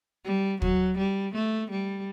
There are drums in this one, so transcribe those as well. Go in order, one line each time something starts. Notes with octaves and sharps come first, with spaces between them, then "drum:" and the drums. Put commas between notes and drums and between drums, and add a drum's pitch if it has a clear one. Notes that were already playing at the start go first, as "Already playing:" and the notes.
G3
F#3, drum: kick
G3
A3
G3